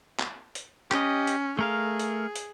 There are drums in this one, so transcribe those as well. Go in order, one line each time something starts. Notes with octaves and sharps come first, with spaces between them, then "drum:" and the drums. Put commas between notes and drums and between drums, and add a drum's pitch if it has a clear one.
drum: clap
drum: hi-hat
C#4 G4 D#5, drum: clap
drum: hi-hat
A3 G#4 A#4 F5
drum: hi-hat
drum: hi-hat